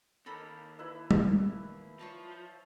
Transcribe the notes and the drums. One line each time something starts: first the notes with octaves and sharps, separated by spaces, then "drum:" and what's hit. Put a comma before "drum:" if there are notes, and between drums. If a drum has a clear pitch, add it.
D#2 A4 A#4 B5
E4 B4 E5
drum: tom G3
F3 C#5 D5 A5